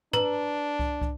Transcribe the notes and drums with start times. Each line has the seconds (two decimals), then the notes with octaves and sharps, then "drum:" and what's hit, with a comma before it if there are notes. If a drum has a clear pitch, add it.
0.13 D4 B4 A#5, drum: tom
0.79 drum: kick
1.01 drum: kick